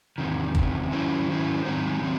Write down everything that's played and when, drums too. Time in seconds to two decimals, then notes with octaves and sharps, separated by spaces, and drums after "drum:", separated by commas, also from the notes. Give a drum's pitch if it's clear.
0.18 E2 C3 D#3
0.55 E2 C3 D#3, drum: kick
0.91 D#3 F#3 C#4 E4 C5
1.28 D#3 F#3 C#4 E4 C5
1.65 D#3 F#3 C4 D#4
2.01 D#3 F#3 C4